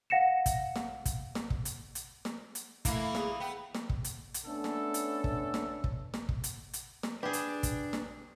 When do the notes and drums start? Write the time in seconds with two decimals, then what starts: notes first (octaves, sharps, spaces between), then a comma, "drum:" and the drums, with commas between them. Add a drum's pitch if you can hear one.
0.10 F5 F#5 A#6 C#7 E7
0.46 drum: kick, hi-hat
0.76 drum: snare
1.05 drum: kick, hi-hat
1.35 drum: snare
1.50 drum: kick
1.65 drum: hi-hat
1.95 drum: hi-hat
2.25 drum: snare
2.55 drum: hi-hat
2.85 E3 A3 A#3 E4, drum: kick, hi-hat
3.15 G#4, drum: snare
3.40 B3 G5
3.75 drum: snare
3.89 drum: kick
4.04 drum: hi-hat
4.34 drum: hi-hat
4.45 A3 B3 C#4 D4 A4
4.64 drum: snare
4.94 drum: hi-hat
5.24 drum: kick
5.54 drum: snare
5.84 drum: kick
6.14 drum: snare
6.29 drum: kick
6.44 drum: hi-hat
6.73 drum: hi-hat
7.03 drum: snare
7.23 D4 G4 G#4 B4
7.33 drum: hi-hat
7.63 drum: kick, hi-hat
7.93 drum: snare